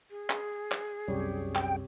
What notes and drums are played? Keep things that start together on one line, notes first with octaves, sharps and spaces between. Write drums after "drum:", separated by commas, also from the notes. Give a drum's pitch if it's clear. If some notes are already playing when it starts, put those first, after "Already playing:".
G#4
drum: clap
drum: clap
C2 F#2 C3 G3 G4 C#5
G5, drum: clap